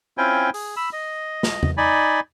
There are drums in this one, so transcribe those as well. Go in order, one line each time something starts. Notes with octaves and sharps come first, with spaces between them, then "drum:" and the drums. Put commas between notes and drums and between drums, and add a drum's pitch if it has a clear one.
C4 C#4 E4 F4 G5 G#5
G#4, drum: open hi-hat
B5 E6
D#5
drum: snare
drum: tom E2
D#4 D5 G#5 B5